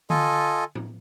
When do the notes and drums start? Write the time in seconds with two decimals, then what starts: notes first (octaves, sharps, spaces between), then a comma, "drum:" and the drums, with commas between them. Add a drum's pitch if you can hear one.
0.10 F4 A4 D#5 G#5, drum: tom D3
0.75 drum: tom